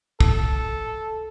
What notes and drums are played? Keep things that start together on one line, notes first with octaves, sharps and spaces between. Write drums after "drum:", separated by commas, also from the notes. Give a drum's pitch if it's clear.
A4, drum: kick